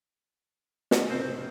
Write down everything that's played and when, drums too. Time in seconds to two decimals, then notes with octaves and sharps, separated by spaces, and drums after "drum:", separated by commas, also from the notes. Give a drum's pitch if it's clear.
0.91 drum: snare
1.10 F1 A2 C#3 C4 C5